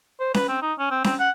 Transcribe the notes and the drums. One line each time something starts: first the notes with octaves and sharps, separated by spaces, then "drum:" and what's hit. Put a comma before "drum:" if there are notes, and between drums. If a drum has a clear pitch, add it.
C5
B4, drum: snare C#4
C4
D#4
C#4
C4
C4, drum: snare C#4
F#5